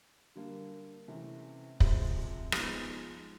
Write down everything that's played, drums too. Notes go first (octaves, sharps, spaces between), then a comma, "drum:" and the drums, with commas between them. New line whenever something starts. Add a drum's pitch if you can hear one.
D3 G3 A#3
C3 E3 A3 C#4
C3 F3 G#3 C4, drum: kick
F3 G#3 B3 D#4, drum: rim click